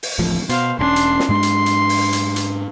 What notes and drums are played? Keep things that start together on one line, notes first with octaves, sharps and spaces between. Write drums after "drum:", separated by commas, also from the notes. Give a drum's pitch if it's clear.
drum: open hi-hat
D1 A1 F3
B2 C5 F5, drum: hi-hat
E1 C3 C#4 D4 C6
drum: hi-hat
drum: snare
G#2 G#3 D4 C6
drum: hi-hat
drum: hi-hat
drum: open hi-hat
drum: hi-hat
drum: hi-hat